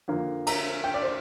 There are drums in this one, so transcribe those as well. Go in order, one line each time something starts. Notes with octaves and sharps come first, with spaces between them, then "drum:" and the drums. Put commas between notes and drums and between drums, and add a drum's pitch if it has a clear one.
F2 D3 A#3
A#5, drum: cymbal
G5
D5
C5